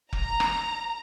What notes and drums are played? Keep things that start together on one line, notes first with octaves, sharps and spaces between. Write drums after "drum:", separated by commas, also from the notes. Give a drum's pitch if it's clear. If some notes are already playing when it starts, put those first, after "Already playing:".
A#5, drum: kick F1
drum: rim click